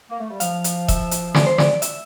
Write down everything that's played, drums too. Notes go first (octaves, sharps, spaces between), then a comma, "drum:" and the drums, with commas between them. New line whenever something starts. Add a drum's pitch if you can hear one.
A#3
A3
G3
F3 F5, drum: hi-hat
drum: hi-hat
E5, drum: kick E1, hi-hat
drum: hi-hat
D5, drum: snare
C5
D5, drum: snare
E5, drum: hi-hat